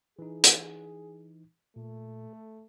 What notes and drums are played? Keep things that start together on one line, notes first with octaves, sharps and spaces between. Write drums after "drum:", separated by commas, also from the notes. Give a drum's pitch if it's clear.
E3 D#4 G#4
drum: hi-hat
A#2 A3
A4